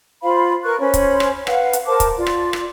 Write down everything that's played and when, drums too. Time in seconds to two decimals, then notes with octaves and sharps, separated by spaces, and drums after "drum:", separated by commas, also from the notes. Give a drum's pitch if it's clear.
0.22 F4 C5 F5 B5
0.64 A#4 B4 C#6 F#6
0.80 C#4 C5 C#5 B5
0.94 drum: kick, hi-hat
1.20 drum: rim click
1.47 B4 F5 F#5, drum: rim click
1.73 drum: hi-hat
1.87 A#4 C5 A5 D6
2.00 drum: kick, hi-hat
2.16 F4 D5
2.27 drum: rim click
2.53 drum: rim click